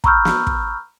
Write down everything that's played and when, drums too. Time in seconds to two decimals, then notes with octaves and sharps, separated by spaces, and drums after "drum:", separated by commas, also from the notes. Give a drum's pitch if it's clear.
0.04 A#5 B5 C#6 E6 F6 G6, drum: kick
0.25 drum: snare
0.47 drum: kick